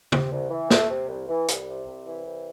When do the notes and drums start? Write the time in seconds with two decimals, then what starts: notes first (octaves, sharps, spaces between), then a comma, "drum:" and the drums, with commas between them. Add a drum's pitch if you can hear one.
0.12 C3, drum: tom
0.32 C2
0.50 E3
0.70 A3, drum: snare
0.89 C3
1.08 C2
1.29 E3
1.48 C2, drum: hi-hat
1.67 C3
1.86 C2
2.07 E3
2.26 C2